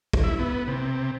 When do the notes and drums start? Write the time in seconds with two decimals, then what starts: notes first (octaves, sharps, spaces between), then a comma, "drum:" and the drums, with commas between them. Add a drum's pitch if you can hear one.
0.13 drum: kick
0.24 E4
0.39 B3
0.68 C3